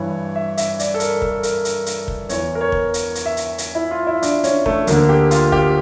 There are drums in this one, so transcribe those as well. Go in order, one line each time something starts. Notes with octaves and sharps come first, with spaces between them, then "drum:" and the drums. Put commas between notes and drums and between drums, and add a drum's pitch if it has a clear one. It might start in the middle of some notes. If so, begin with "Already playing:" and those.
Already playing: G2 E3 C#5
E5
E5, drum: hi-hat
D5, drum: hi-hat
A4
A#4, drum: hi-hat
A4, drum: kick
A#4, drum: hi-hat
drum: hi-hat
drum: hi-hat
drum: kick
E2 E3 C#5, drum: hi-hat
A#4
C#5
drum: kick
drum: hi-hat
drum: hi-hat
E5
drum: hi-hat
drum: hi-hat
E4
F4
E4
D4, drum: hi-hat
C#4, drum: hi-hat
A3, drum: kick
D2 D3 A#3, drum: hi-hat
G4
F4, drum: hi-hat
G4, drum: kick